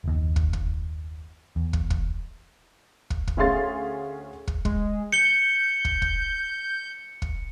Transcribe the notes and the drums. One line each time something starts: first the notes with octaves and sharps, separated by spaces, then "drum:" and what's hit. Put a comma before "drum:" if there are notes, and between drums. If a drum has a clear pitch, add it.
F#1 D#2
drum: kick
drum: kick
E2
drum: kick
drum: kick
drum: kick
drum: kick
D2 C#4 G#4 F5 C6 A6
drum: kick
G#3, drum: kick
G6 C#7 G7
drum: kick
drum: kick
drum: kick